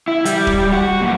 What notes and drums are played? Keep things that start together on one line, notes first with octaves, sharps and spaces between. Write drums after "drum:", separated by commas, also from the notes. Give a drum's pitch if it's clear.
E4
G3, drum: hi-hat
drum: kick
F#4
A#2 F#3